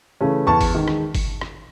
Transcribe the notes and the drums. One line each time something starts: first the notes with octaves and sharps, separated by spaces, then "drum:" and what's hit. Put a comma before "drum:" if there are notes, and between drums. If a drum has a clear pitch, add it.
C#3 E3 A3 C#4
E2 A5 C#6
drum: kick G1, open hi-hat
D#3 G#3
drum: rim click
drum: kick G1, open hi-hat
drum: rim click